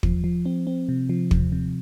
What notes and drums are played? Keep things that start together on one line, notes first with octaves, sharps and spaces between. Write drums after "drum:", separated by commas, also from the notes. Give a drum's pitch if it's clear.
F3, drum: kick
F3
C4
C4
C3
F3
C3, drum: kick
C3